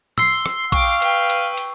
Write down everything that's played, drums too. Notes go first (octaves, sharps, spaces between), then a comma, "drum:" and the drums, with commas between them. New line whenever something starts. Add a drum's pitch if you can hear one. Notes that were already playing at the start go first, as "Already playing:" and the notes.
C6 E6 C7, drum: tom
drum: rim click
F5 G5 C#6 D6, drum: kick A#1, cymbal
B4 G5, drum: cymbal
drum: cymbal
drum: cymbal